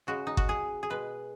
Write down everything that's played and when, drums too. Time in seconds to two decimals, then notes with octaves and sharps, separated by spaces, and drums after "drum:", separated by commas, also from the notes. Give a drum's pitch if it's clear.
0.07 C#3 G#3 F#4
0.27 D#4
0.37 F#4, drum: kick G1
0.49 G#4
0.83 G#4
0.90 B2 G#3 B4